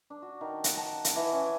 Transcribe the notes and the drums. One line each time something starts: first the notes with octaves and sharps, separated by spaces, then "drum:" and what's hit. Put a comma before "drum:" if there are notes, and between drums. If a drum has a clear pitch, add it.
D4
F#4
D#3
F#5, drum: hi-hat
A5
drum: hi-hat
E3
C#4